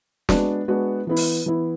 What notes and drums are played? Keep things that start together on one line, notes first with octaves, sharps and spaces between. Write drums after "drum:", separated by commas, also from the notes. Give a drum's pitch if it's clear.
G#3 B3 D4 F#4, drum: snare
G#3 B3 D4 F#4
E3 B3 E4
drum: open hi-hat
E3 B3 E4